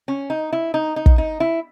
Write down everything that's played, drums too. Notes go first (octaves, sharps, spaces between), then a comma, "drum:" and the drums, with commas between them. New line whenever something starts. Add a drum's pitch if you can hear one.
C#4
D#4
E4
D#4
D#4
drum: kick
D#4
E4